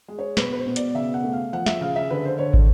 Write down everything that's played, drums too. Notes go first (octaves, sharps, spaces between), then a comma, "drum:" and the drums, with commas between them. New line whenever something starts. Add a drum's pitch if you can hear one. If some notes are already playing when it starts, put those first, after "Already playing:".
G#3
C#5
B2 B4, drum: snare
B4
C5
B2
D5, drum: hi-hat
C#3 E5
F#5
A3
F5
F3 F#5
E5, drum: snare
C#3 F5
E5
D3 B4
C5
D3 C#5
drum: kick